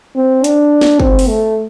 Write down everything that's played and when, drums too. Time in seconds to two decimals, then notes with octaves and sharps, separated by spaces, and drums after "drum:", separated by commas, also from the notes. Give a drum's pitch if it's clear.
0.16 C4
0.44 D4, drum: hi-hat
0.81 drum: snare
1.00 C4, drum: kick
1.19 drum: open hi-hat
1.28 A3